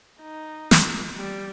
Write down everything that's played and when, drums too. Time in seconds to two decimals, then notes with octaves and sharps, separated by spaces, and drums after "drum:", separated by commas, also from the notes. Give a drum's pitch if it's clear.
0.21 D#4
0.71 drum: snare
1.16 G3